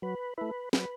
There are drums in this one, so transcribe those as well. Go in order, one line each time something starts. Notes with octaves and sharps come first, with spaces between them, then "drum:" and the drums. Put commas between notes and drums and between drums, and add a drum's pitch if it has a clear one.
F#3 B4
A3 E4 B4
F#3 B4, drum: snare